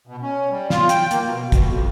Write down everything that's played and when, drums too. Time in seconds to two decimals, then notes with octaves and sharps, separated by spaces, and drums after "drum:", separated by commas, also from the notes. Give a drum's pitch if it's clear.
0.07 B2
0.22 C#4
0.51 G3
0.70 F4, drum: snare
0.89 G5, drum: hi-hat
1.11 A#3, drum: hi-hat
1.24 B2
1.52 B2, drum: kick, hi-hat
1.65 F2